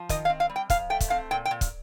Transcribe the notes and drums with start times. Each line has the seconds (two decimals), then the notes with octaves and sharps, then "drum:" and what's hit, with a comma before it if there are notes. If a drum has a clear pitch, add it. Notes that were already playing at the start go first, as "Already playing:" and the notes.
Already playing: F3
0.09 D#3 D#5, drum: kick, hi-hat
0.25 F5
0.30 C4
0.40 F5
0.50 G3
0.56 G5
0.70 F2 F5, drum: kick, hi-hat
0.90 A3 G5
1.00 drum: kick, hi-hat
1.10 C4 F5
1.31 A#2 G5
1.45 G5
1.51 A#2
1.61 drum: kick, hi-hat